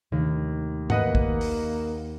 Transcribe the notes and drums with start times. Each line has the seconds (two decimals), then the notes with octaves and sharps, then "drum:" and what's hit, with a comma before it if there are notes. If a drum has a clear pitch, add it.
0.12 D#2 C3 D#3 A3
0.90 A#3 B4 D#5 F#5, drum: tom G#2
1.15 drum: kick
1.41 drum: open hi-hat